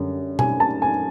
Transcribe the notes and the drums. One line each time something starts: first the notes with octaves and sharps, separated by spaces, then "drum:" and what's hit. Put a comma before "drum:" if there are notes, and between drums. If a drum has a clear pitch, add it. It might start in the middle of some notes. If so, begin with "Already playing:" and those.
Already playing: F#2 D3 G3
G#5, drum: tom B2
A5
G#5